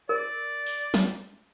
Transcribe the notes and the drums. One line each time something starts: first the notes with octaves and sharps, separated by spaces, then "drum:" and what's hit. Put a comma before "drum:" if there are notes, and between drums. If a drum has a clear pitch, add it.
A#4 D5
drum: open hi-hat
drum: snare